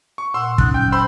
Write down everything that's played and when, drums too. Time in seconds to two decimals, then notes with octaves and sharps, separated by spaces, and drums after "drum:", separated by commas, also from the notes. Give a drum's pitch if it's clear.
0.18 C#6
0.34 A#2 F#5 C6 E6
0.58 F#3 C#4 D#4 F#6, drum: kick
0.74 G5 G6
0.92 C5 B5 C6 E6